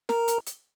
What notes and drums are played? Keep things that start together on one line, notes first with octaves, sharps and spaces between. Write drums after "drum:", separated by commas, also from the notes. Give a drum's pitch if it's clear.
A#4 A#5, drum: snare
drum: hi-hat
drum: hi-hat